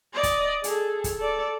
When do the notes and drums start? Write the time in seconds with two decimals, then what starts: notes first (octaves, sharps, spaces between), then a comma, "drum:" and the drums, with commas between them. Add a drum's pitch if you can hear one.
0.13 D5 D#5
0.23 drum: kick, hi-hat
0.64 G#4 A4, drum: hi-hat
1.04 drum: kick, hi-hat
1.18 A4 D5